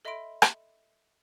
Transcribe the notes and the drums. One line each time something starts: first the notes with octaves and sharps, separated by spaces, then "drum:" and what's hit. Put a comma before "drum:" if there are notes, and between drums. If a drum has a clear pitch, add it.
A4 D#5 E5 B5 C6 D7
drum: rim click